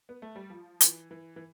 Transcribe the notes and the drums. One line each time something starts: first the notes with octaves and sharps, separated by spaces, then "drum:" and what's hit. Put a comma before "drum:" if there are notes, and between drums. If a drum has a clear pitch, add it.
B3
A3
G3
F3
E3, drum: hi-hat
E3
E3